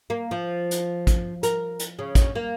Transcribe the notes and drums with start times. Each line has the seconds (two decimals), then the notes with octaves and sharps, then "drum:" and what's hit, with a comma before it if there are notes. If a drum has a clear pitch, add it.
0.10 A#3
0.31 F3
0.71 drum: hi-hat
1.07 drum: kick, hi-hat
1.43 A#4, drum: hi-hat
1.79 drum: hi-hat
1.99 C#3
2.15 drum: kick, hi-hat
2.35 A#3